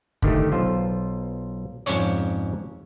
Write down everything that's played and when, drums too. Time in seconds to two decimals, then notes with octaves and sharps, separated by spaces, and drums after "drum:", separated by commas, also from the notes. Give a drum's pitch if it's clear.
0.22 D3 D#3 A3 G4, drum: kick
0.52 B1 F4 C5
1.86 F2 G#2 C#4 C#5 D5, drum: hi-hat